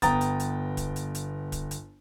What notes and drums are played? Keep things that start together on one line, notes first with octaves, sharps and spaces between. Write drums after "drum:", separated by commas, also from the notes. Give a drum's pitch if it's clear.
G1 B3 G5 A#5 D#6 A6, drum: kick, hi-hat
drum: hi-hat
drum: hi-hat
drum: kick, hi-hat
drum: hi-hat
drum: hi-hat
drum: kick, hi-hat
drum: hi-hat